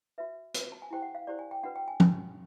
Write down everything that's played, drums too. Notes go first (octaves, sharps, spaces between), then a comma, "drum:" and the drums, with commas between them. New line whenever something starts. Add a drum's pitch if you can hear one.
F#4 B4 E5
F#4 B4, drum: hi-hat
A5
G#5
E4 G4 C5 G5
F#5
F5
E4 G4 C5 D5
G#5
G5
D4 F#4 B4 F#5
G5
G#5
D4 F#4 B4 A5, drum: tom F3